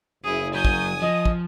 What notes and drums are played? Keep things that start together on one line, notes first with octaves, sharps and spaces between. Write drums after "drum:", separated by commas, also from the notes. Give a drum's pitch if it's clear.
F#1 E4 G#4 D#6
F#3 G#5 D#6 G6
drum: kick
F3 D#5
drum: kick